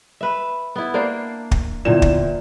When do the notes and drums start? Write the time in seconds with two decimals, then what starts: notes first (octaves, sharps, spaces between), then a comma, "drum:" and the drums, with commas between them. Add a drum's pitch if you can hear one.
0.21 B4 E5
0.76 B3 E4
0.94 A#3 D4 C5
1.51 drum: kick
1.85 G1 E2 A#2 E7
2.02 drum: kick